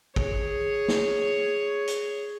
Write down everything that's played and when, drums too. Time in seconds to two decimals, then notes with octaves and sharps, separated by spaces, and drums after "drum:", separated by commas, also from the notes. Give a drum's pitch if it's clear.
0.16 G#4 C#5, drum: kick
0.88 drum: snare
1.87 drum: hi-hat